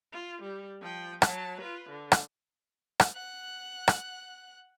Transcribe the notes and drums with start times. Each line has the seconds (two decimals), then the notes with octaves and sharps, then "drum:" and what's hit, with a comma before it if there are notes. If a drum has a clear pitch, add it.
0.13 F4
0.42 G3
0.82 F3 G5
1.22 F#3 A5, drum: rim click
1.61 F4 B4
1.90 D3
2.12 drum: rim click
3.00 drum: rim click
3.15 F#5 F#6
3.88 drum: rim click